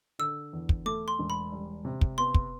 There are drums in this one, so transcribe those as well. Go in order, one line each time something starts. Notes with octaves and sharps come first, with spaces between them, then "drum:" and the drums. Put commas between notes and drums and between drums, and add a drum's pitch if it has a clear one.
D3 E6
E2
drum: kick
A3 D6
C6
E1
B5
G3
C3
drum: kick
B3 C6
drum: kick